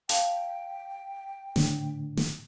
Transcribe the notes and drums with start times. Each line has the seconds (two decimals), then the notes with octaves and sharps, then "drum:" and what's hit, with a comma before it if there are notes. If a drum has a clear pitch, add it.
0.09 F5 G5 A5, drum: hi-hat
1.56 A2 D3, drum: snare
2.17 drum: snare